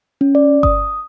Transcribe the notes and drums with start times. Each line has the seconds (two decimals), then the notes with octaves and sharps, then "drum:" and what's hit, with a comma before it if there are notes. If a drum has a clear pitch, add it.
0.21 C#4
0.35 D5
0.63 D#6, drum: kick G1